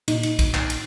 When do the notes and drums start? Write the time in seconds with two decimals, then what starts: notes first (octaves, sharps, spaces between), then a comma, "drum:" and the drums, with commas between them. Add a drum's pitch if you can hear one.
0.08 A#2 D#4, drum: cymbal
0.23 drum: cymbal
0.39 drum: kick B1, cymbal
0.54 drum: clap
0.70 drum: cymbal